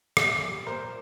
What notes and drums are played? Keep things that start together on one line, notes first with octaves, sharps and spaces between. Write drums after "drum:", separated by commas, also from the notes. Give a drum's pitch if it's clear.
A#2 D5 E5, drum: rim click
G3
A#2 A#4 C5